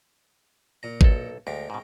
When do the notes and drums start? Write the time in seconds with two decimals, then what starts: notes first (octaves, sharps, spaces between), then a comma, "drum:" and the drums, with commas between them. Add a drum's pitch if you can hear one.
0.83 A#2 A#5
1.01 B1 A4, drum: kick G#1
1.47 D2 G#3 G5 A#5
1.70 G#2 B2